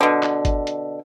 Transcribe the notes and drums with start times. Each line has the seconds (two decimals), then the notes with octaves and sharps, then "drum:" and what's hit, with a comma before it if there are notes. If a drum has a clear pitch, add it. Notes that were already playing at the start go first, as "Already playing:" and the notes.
0.01 B2 D3
0.23 drum: clap
0.45 drum: kick G1, hi-hat
0.67 drum: hi-hat